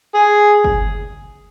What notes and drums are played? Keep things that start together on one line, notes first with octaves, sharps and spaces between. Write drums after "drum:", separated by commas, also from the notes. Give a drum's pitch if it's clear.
G#4
drum: kick F#1